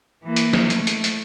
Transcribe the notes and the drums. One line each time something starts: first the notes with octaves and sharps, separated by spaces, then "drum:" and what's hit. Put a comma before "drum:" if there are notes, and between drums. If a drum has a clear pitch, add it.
E3 A#3
drum: hi-hat
drum: snare
A3, drum: hi-hat
drum: hi-hat
drum: hi-hat